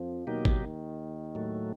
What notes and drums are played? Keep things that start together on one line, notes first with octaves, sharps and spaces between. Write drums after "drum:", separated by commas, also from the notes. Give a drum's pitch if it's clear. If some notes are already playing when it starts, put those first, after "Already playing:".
Already playing: F2 F3
D#2 B2 D#3 F#3 A#3 D#4 G4
drum: kick
A2 F#3 A3